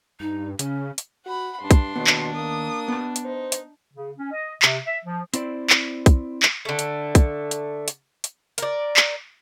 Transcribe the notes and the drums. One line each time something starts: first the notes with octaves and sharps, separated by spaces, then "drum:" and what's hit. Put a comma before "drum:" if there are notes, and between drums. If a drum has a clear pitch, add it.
G2 D#4
C#3 C#4, drum: hi-hat
drum: hi-hat
F#4 F#5 B5
G2 D4 C6
drum: kick, hi-hat
D#2 B2 B3
drum: clap
A#3 D#6
B3 A5
drum: hi-hat
D#4 C5
drum: hi-hat
C#3
C#4
D#5
C3, drum: clap
E5
F3
C4 E4 C5 D5, drum: hi-hat
drum: clap
drum: kick, hi-hat
drum: clap
D3 A3
drum: hi-hat
drum: kick, hi-hat
drum: hi-hat
drum: hi-hat
drum: hi-hat
A#4 D5, drum: hi-hat
drum: clap